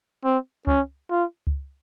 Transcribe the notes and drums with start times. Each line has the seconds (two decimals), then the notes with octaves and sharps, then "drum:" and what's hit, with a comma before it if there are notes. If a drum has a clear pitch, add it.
0.25 C4
0.67 C#4, drum: kick C#2
1.11 F4
1.47 drum: kick C#2